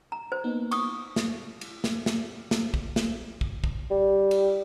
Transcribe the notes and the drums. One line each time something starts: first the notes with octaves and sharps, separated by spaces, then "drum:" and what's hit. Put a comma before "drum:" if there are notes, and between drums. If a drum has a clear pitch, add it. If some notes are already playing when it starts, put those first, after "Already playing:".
A#5
C5
A#3 B3 D#4
C#6 D#6, drum: cymbal
drum: snare
drum: cymbal
drum: snare
drum: snare
drum: snare
drum: kick
drum: snare
drum: kick
drum: kick
G3
drum: cymbal